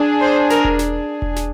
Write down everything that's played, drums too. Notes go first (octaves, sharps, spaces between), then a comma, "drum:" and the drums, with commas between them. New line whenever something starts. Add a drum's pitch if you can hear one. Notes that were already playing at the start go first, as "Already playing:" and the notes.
Already playing: D4 G#4
C5
A#4, drum: snare
drum: kick E1
drum: snare
drum: kick E1
drum: snare